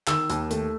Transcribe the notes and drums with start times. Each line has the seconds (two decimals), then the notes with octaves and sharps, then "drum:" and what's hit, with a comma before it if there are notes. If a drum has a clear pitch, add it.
0.07 D#3 E6, drum: clap
0.30 D#2, drum: hi-hat
0.51 A3, drum: hi-hat